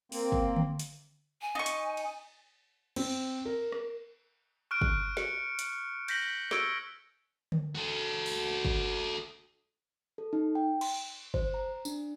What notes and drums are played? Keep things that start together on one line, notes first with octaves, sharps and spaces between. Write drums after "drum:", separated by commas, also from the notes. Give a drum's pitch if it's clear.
A#3 C4, drum: open hi-hat
drum: kick
drum: tom D3
drum: hi-hat
G#5
D#4 C#6
drum: hi-hat
drum: cymbal
C4, drum: cymbal
A#4
drum: rim click
C#6 F6 F#6 D7
drum: kick
C#7, drum: snare
drum: hi-hat
G6 A#6 B6 F#7 G7, drum: cymbal
C#6 E6 G#6 C#7 D7 G7, drum: snare
drum: tom D3
F#4 A4
drum: open hi-hat
drum: kick
A4
D#4
G5
C6, drum: cymbal
C5, drum: kick
A#5
D4, drum: tambourine